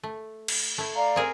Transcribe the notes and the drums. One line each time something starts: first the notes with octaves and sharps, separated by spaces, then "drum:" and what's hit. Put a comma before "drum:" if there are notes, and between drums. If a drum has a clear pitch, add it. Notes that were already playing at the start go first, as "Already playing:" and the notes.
A3
drum: cymbal
A3 E4
D5 F5 A#5
C4 G#4 A#4